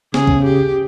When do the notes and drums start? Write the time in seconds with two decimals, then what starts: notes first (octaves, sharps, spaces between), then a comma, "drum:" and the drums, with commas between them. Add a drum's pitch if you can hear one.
0.14 C#3 G#4, drum: snare
0.27 drum: kick
0.44 G4